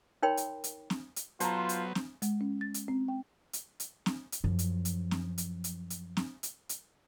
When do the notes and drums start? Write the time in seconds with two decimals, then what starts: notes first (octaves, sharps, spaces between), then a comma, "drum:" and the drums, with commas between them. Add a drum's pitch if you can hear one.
0.22 D#4 A#4 C#5 G5 B5 C6
0.37 drum: hi-hat
0.64 drum: hi-hat
0.90 drum: snare C4
1.16 drum: hi-hat
1.40 F#3 B3 F4 C5 A5 A#5, drum: hi-hat
1.69 drum: hi-hat
1.95 drum: snare C4
2.22 G#3, drum: hi-hat
2.41 C#4
2.61 A6
2.74 drum: hi-hat
2.88 C4
3.08 G5
3.53 drum: hi-hat
3.80 drum: hi-hat
4.06 drum: snare C4
4.32 drum: hi-hat
4.44 F#2 F3
4.59 drum: hi-hat
4.85 drum: hi-hat
5.11 drum: snare C4
5.38 drum: hi-hat
5.64 drum: hi-hat
5.90 drum: hi-hat
6.17 drum: snare C4
6.43 drum: hi-hat
6.69 drum: hi-hat